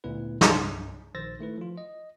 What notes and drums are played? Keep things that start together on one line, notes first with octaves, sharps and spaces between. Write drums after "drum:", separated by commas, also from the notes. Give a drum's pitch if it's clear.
D2 A#2 B3 E4 B4
C2 G2, drum: snare
A#1 D#3 C5 E6 A6 A#6
D#3 A3 E4 B4
F3 F4
D#5